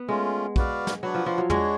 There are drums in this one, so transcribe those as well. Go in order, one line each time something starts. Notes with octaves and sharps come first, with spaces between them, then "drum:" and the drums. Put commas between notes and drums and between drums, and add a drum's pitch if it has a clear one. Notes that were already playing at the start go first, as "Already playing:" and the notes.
Already playing: B3
G#3 A3 C#4 F4
F#4 B4 D5 F5, drum: kick
drum: snare
F#3 D4 F#4 B4 F#5
F3
F3
F#3
G#3 D4 F#4 C#5, drum: tom